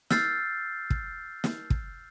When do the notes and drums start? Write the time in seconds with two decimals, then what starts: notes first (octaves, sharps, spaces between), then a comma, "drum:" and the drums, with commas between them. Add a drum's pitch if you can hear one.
0.10 E6 F6 G6 A6 C7, drum: snare
0.90 drum: kick
1.44 drum: snare
1.70 drum: kick